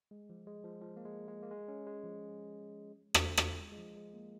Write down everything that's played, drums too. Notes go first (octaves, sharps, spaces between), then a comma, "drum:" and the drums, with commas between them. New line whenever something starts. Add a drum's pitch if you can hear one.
G#3
F3
G#3
F3
F3
A#3
G#3
G#3
A#3
G#3
C#4
G#3
F3
drum: rim click
F4, drum: rim click
G#3
G#3
F3
G#3
A#3